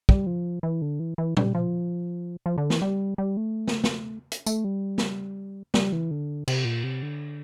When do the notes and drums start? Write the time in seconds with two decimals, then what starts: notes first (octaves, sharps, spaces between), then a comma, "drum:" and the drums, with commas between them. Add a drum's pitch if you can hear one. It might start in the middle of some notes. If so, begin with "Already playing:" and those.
0.09 G3, drum: kick
0.26 F3
0.63 E3
0.82 D3
1.00 E3
1.18 E3
1.37 G3, drum: tom A#2
1.55 F3
2.46 F3
2.58 D3
2.70 E3, drum: snare
2.82 G3
3.18 G3
3.37 A3
3.68 drum: snare
3.84 drum: snare
4.32 drum: hi-hat
4.46 A3, drum: tambourine
4.64 G3
4.98 drum: snare
5.74 G3, drum: snare
5.93 E3
6.11 D3
6.48 C3, drum: cymbal
6.65 A#2
6.84 C3
7.02 D3